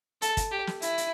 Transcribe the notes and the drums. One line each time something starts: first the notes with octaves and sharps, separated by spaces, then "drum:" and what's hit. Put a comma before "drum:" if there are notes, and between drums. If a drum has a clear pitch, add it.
A4, drum: hi-hat
drum: kick, hi-hat
G4
drum: snare
E4, drum: hi-hat
drum: hi-hat